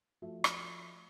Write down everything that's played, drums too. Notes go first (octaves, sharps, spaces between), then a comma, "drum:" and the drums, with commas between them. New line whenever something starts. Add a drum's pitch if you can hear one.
F3 A3 F4 F#4 A4 E5
drum: rim click